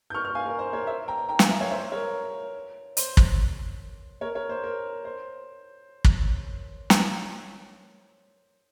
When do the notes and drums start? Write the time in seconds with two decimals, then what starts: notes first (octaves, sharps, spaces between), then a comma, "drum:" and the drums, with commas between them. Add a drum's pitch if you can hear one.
0.10 G6
0.14 C#6 F6
0.25 C#6 F6
0.35 F5 G#5
0.46 A#4
0.59 C5
0.73 A#4 C#5
0.87 C5 E5
1.08 G5 A#5
1.29 G5 A#5
1.39 F5 G#5, drum: snare
1.50 E5 G5
1.60 C#5 F5
1.71 C5 E5
1.92 A#4 C#5
2.97 C5, drum: hi-hat
3.17 drum: kick
4.21 A#4 C#5
4.35 A#4 C#5
4.49 C5
4.64 A#4
5.05 C5
6.04 drum: kick
6.90 drum: snare